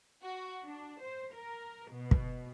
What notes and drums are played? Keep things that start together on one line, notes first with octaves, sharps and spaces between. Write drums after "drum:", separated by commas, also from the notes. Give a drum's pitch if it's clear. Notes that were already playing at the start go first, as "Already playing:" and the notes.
F#4
D4
C5
A#4
B2
drum: kick